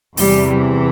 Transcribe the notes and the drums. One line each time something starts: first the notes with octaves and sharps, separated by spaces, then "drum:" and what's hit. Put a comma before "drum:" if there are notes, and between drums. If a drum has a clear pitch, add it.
E2 C3 E3 G3, drum: open hi-hat